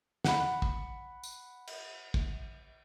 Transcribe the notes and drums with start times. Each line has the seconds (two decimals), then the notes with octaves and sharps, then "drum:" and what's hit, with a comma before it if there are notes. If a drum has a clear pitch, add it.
0.24 F#5 B5, drum: snare
0.62 drum: kick
1.23 drum: tambourine
1.67 drum: cymbal
2.14 drum: kick